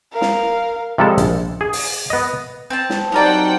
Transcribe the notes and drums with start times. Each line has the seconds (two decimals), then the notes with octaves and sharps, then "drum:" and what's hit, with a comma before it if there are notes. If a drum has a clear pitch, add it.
0.12 A#4 F5
0.21 drum: snare
0.98 C3 F3 G3 G#3 A4 A5
1.18 A#1, drum: hi-hat
1.61 G#4
1.73 drum: open hi-hat
2.10 B3 D#5
2.70 C4 A5
2.90 drum: snare
3.12 F#3 D#4 G4 A#4 C5 D5 F#5 G5